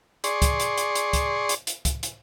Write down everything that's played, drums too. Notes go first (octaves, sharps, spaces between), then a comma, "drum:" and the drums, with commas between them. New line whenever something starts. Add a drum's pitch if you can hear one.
G#4 D5 C6 C#6, drum: hi-hat
drum: kick C#2, hi-hat
drum: hi-hat
drum: hi-hat
drum: hi-hat
drum: kick C#2, hi-hat
drum: hi-hat
drum: hi-hat
drum: kick C#2, hi-hat
drum: hi-hat